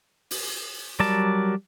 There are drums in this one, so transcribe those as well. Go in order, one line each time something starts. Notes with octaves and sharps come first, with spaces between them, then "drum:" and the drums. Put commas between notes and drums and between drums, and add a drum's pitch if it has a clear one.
drum: open hi-hat
F#3 G3 A#4 D5 A5